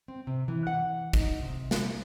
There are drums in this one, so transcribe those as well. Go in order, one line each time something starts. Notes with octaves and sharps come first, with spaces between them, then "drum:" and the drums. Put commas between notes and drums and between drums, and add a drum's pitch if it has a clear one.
C4
C3
E3
F#5
D#4, drum: kick, hi-hat
C3
drum: snare